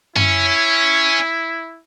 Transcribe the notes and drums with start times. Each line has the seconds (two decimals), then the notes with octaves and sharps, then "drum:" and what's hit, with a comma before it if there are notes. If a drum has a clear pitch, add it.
0.16 C#4 E4, drum: tom F#2